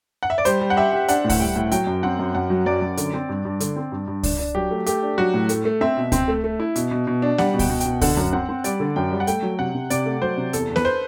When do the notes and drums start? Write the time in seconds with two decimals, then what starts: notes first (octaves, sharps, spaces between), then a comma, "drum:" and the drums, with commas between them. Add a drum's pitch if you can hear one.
0.23 F#5
0.30 E5
0.38 D5
0.45 G3 C5, drum: hi-hat
0.61 G3
0.70 F#5
0.77 G4 E5
0.93 G4
1.08 D4 F#5, drum: hi-hat
1.24 A2
1.29 F#5, drum: kick C#2, open hi-hat
1.40 G3 G5
1.56 A2
1.72 F#3 G5, drum: hi-hat
1.87 F#2
2.03 C4 F#5
2.19 F#2
2.35 F#2 F#5
2.50 F#3
2.66 F#2 D5
2.82 F#2
2.97 D3, drum: hi-hat
3.14 C4
3.29 G2
3.45 G2
3.60 D3, drum: hi-hat
3.76 C4
3.92 G2
4.08 G2
4.23 D4, drum: kick C#2, open hi-hat
4.39 D4
4.55 F#3 G4
4.71 A3
4.86 A3 G4, drum: hi-hat
5.03 D4
5.18 F#3 F#4
5.34 A2
5.49 A3, drum: hi-hat
5.65 A3
5.81 C4 E5
5.97 B2
6.12 C4, drum: kick C#2, hi-hat
6.28 A3
6.44 A3
6.60 E4
6.76 B2, drum: hi-hat
6.91 B2
7.07 B2
7.22 D4
7.38 G3 F#5, drum: snare B3
7.54 B2
7.59 G5, drum: kick C#2, open hi-hat
7.69 B2
7.80 G5, drum: hi-hat
7.86 B2
8.01 D3 F#5, drum: kick C#2, open hi-hat
8.17 F#2
8.33 C4 F#5
8.49 C4
8.64 G3 D5, drum: hi-hat
8.80 D3
8.96 F#2 G5
9.11 G3
9.20 F#5
9.27 A3 G5, drum: hi-hat
9.43 F#3
9.59 C3 F#5
9.74 C3
9.90 C3 D5, drum: hi-hat
10.06 A3
10.22 F#3 C5
10.37 C3
10.53 E2 A4, drum: hi-hat
10.69 E2
10.76 B4, drum: snare B3
10.85 C5